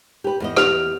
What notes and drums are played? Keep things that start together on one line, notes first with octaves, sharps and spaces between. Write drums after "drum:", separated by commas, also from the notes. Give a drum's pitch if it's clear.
G4 B4
E2 B3 D#5
G4 F6 F7, drum: rim click